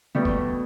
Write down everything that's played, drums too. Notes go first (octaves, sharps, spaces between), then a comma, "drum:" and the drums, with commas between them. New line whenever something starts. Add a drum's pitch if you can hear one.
B2 G3 A3
drum: kick